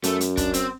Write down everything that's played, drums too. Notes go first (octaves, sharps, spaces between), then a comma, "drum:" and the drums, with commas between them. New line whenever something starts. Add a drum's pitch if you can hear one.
F#2 A3, drum: hi-hat
drum: hi-hat
D4, drum: kick, hi-hat
C4, drum: hi-hat